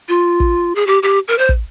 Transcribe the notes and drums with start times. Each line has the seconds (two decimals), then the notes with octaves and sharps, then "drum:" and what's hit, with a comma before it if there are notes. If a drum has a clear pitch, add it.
0.08 F4
0.40 drum: kick
0.75 G#4
0.87 G4
1.03 G4
1.28 A#4
1.38 C5
1.49 drum: kick